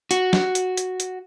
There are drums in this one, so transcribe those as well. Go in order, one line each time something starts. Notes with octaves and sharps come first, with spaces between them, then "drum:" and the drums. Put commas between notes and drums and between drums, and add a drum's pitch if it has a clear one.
F#4, drum: hi-hat
drum: snare
drum: hi-hat
drum: hi-hat
drum: hi-hat